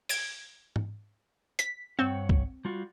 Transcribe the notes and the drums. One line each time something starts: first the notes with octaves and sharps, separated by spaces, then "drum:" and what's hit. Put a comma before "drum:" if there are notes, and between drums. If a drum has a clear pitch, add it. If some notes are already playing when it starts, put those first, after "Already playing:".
G#6 D7, drum: open hi-hat
drum: tom
B6, drum: hi-hat
G2 C4 C#5 F#5
drum: kick B1
G3 F4 F#4